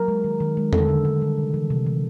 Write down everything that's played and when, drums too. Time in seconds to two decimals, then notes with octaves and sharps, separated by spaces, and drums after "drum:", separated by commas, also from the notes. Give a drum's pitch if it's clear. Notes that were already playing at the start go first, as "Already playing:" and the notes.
Already playing: F#3 A#4
0.08 G#3
0.24 D#3
0.40 D#3
0.57 G#3
0.73 D3 A4, drum: tom E2
0.89 D3
1.05 D3
1.22 G3
1.38 C3
1.54 E3
1.70 C3
1.86 E3